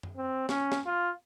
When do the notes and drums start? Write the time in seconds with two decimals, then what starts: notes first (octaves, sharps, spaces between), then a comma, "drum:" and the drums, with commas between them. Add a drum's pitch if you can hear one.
0.03 drum: tom F#2
0.16 C4
0.49 C#4, drum: snare
0.72 drum: snare
0.86 F4